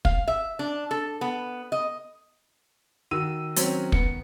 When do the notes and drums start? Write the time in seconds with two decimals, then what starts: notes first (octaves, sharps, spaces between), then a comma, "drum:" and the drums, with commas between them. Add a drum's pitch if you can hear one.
0.05 F5, drum: kick
0.28 E5
0.59 D4
0.91 A4
1.21 B3
1.72 D#5
3.11 D#3 F#4 E6 D#7
3.56 F#3 C4 C#4, drum: hi-hat
3.92 B3 C#7, drum: kick